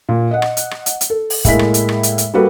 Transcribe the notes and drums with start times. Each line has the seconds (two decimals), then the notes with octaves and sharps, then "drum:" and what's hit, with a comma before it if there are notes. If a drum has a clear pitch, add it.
0.09 A#2
0.31 D#5 F#5
0.42 drum: rim click
0.57 drum: hi-hat
0.71 drum: rim click
0.86 drum: hi-hat
1.01 drum: hi-hat
1.10 A4
1.30 drum: open hi-hat
1.45 A2 G#3 A#3 E4 B6, drum: kick, hi-hat
1.59 drum: rim click
1.74 drum: hi-hat
1.89 drum: rim click
2.03 drum: hi-hat
2.18 drum: hi-hat
2.34 G3 A#3 F#4 A4 B4